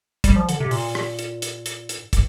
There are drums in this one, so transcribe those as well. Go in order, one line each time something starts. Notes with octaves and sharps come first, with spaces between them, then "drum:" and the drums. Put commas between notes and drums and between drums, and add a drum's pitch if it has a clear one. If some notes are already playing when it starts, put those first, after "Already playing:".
G3, drum: kick, hi-hat
F3
D3, drum: hi-hat
C3
A#2, drum: open hi-hat
drum: rim click
drum: hi-hat
drum: hi-hat
drum: hi-hat
drum: hi-hat
drum: kick, hi-hat